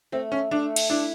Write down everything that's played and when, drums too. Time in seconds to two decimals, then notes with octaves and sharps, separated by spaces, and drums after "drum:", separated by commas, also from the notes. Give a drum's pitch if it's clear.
0.12 A3 C4
0.32 C#4
0.51 A3 D4
0.76 drum: cymbal
0.89 D4 E4